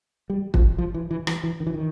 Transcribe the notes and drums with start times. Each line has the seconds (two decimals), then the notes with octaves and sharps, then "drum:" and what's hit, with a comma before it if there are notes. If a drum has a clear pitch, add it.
0.30 G3
0.54 F3, drum: kick
0.78 F3
0.94 E3
1.11 E3
1.27 E3, drum: rim click
1.43 E3
1.60 D#3
1.67 E3
1.74 D#3